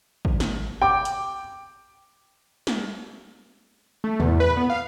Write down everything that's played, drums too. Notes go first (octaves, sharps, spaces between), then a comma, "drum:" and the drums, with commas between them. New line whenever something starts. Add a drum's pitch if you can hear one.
drum: kick
drum: snare
G5 D6
drum: hi-hat
drum: snare
A3
E2, drum: tom
B4
B3
F5